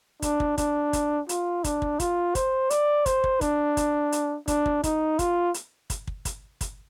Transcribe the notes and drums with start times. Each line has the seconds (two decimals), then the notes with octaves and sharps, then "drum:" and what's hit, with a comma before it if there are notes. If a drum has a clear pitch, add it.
0.22 D4, drum: kick, hi-hat
0.40 drum: kick
0.58 D4, drum: kick, hi-hat
0.93 drum: kick, hi-hat
1.29 F4, drum: hi-hat
1.64 D4, drum: kick, hi-hat
1.82 drum: kick
2.00 F4, drum: kick, hi-hat
2.35 C5, drum: kick, hi-hat
2.70 D5, drum: hi-hat
3.06 C5, drum: kick, hi-hat
3.24 drum: kick
3.41 D4, drum: kick, hi-hat
3.77 drum: kick, hi-hat
4.12 drum: hi-hat
4.48 D4, drum: kick, hi-hat
4.66 drum: kick
4.84 D#4, drum: kick, hi-hat
5.19 F4, drum: kick, hi-hat
5.54 drum: hi-hat
5.90 drum: kick, hi-hat
6.07 drum: kick
6.25 drum: kick, hi-hat
6.61 drum: kick, hi-hat